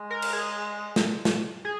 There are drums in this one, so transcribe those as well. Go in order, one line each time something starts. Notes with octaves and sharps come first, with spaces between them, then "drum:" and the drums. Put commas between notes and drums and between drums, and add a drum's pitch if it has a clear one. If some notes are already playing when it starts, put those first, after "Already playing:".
Already playing: G#3
A#4
drum: cymbal
G#4
drum: snare
drum: snare
G#4